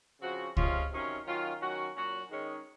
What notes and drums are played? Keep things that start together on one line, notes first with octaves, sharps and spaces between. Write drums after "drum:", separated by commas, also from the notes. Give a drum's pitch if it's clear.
C#3 F3 C4 F#4
C3 F3 G#3 C#4 F4, drum: kick C#2
C3 D#3 F#3 C#4 F4
D#3 F#3 C#4 F4
D#3 F#3 C#4 F#4
A#2 F#3 C#4 F#4
D#3 G#3 C#4